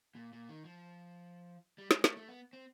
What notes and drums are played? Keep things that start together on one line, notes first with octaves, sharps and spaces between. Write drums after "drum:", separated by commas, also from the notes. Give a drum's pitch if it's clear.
A#2
A#2
D#3
F3
G3
G#3, drum: snare
A3, drum: snare
A3
B3
C4